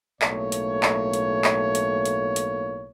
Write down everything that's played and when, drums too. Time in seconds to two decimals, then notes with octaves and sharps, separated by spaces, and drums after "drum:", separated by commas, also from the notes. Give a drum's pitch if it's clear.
0.22 B1 A2 A3 A#3 C#5, drum: clap
0.52 drum: hi-hat
0.83 drum: clap
1.14 drum: hi-hat
1.44 drum: clap
1.75 drum: hi-hat
2.06 drum: hi-hat
2.36 drum: hi-hat